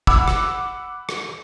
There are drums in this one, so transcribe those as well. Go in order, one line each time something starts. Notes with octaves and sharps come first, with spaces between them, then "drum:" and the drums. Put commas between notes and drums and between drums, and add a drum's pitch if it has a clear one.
F#5 B5 D6 E6, drum: kick
drum: rim click
drum: rim click